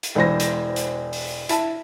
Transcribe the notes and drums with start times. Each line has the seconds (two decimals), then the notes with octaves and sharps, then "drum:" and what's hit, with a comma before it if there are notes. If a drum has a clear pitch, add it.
0.03 drum: hi-hat
0.15 E1 E3 C5 A#6
0.40 drum: hi-hat
0.76 drum: hi-hat
1.13 drum: open hi-hat
1.49 E4 A5, drum: hi-hat